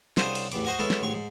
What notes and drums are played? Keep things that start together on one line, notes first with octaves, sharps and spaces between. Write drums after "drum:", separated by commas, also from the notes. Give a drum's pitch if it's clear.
C2 C#3 D4 C5 F#5 D#6, drum: snare
drum: cymbal
A1 E2 D6, drum: cymbal
F#4 C5 D#5 F#5 G#5
G#3 B3 C#4 E4 A4
drum: snare
A1 G#2 C#5 C#6
G#2